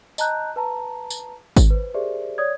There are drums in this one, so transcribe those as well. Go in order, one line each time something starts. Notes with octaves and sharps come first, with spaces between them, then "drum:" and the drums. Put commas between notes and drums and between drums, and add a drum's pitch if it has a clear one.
D#5 A5 A#5 F#6 G6, drum: tambourine
B4 A5 A#5
drum: tambourine
drum: kick G#1, tambourine
B4 C5
G4 G#4 A#4 C5 D5 E5
C#5 D5 D#6 G#6